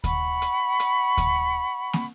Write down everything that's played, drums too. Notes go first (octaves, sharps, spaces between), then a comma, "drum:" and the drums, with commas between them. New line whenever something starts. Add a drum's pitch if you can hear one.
F#5 B5 C#6, drum: kick D2, hi-hat
drum: hi-hat
drum: hi-hat
drum: kick D2, hi-hat
drum: snare